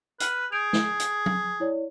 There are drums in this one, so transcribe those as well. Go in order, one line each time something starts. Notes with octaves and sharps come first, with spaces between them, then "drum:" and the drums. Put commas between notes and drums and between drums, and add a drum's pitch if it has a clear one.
B4 F6 D#7 F#7, drum: hi-hat
G#4 G6 D7 F7
drum: snare
drum: hi-hat
drum: tom F#3
E4 C#5 D5